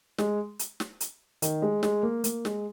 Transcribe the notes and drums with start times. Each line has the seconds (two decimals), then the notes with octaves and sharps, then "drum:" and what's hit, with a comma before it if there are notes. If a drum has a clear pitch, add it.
0.18 G#3, drum: snare
0.59 drum: hi-hat
0.80 drum: snare
1.00 drum: hi-hat
1.42 D#3, drum: hi-hat
1.62 G#3
1.83 G#3, drum: snare
2.03 A#3
2.24 A#3, drum: hi-hat
2.45 G#3, drum: snare